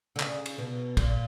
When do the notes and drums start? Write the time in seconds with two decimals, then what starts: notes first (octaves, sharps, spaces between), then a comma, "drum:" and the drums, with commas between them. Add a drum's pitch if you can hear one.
0.16 D3
0.20 C#3, drum: clap
0.46 drum: cymbal
0.58 B2
0.97 A#2, drum: kick, cymbal